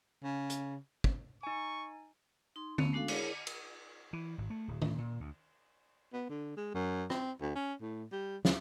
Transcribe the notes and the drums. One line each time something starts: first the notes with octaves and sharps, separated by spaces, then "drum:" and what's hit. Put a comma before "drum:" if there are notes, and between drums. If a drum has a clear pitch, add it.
C#3
drum: hi-hat
drum: kick
D#4 G#5 C#6
D#4 C6
A3 B3 C#4, drum: tom D3
G#3 D4 F#4 A4 F5
E4 G#4 A#4 C#5, drum: cymbal
drum: cymbal
E3
G#1
A3
D1
A2, drum: tom D#3
A#2
D2
B3
D3
G#3
F#2
C4, drum: rim click
D2
C#4
A2
G3
C#2, drum: snare